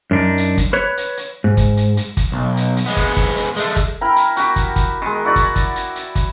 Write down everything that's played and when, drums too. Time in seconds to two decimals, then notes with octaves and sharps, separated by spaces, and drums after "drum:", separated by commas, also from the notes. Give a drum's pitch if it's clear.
0.11 F#2 D4 D#4
0.38 drum: hi-hat
0.58 drum: kick, hi-hat
0.73 B4 C#5
0.97 drum: hi-hat
1.17 drum: hi-hat
1.44 G#2
1.57 drum: kick, hi-hat
1.77 drum: hi-hat
1.97 drum: hi-hat
2.17 drum: kick, hi-hat
2.32 B1
2.57 drum: hi-hat
2.77 drum: hi-hat
2.86 G#3 B3
2.97 drum: kick, hi-hat
3.17 drum: kick, hi-hat
3.36 drum: hi-hat
3.56 G#3 A3, drum: hi-hat
3.76 drum: kick, hi-hat
4.01 E4 A#4 G5 B5
4.16 drum: hi-hat
4.36 F#4 G4, drum: hi-hat
4.56 drum: kick, hi-hat
4.76 drum: kick, hi-hat
5.02 D#3 G#3
5.25 E4 F#4 D5
5.36 drum: kick, hi-hat
5.56 drum: kick, hi-hat
5.76 drum: hi-hat
5.96 drum: hi-hat
6.15 drum: kick, hi-hat